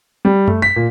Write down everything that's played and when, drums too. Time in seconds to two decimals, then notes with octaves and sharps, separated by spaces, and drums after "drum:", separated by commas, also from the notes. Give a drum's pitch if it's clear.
0.25 G3
0.48 A3, drum: tom F#2
0.62 B6
0.76 A#2